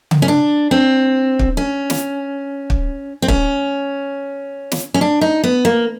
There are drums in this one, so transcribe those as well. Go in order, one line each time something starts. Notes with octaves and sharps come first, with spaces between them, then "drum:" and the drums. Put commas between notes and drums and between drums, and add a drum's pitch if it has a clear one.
drum: tom C#3
C#4
D4
C4
drum: kick
C#4
drum: snare
drum: kick
C4
C#4, drum: kick
drum: snare
C#4
D4
D#4
B3
A#3